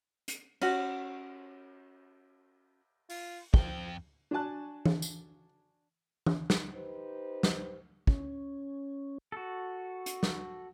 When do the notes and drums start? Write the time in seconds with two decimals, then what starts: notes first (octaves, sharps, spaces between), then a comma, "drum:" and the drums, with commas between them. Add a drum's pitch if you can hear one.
0.28 drum: hi-hat
0.61 C#4 F#4, drum: cymbal
3.10 F4, drum: open hi-hat
3.54 F2 F3 G5, drum: kick
4.31 D4 F#4 G#5 A5 F#6
4.85 drum: tom E3
5.02 drum: tambourine
6.26 drum: tom E3
6.50 drum: snare
6.74 D#4 G4 B4 C5
7.43 drum: snare
8.07 C#4, drum: kick
9.32 F#4 A4
10.06 drum: hi-hat
10.23 drum: snare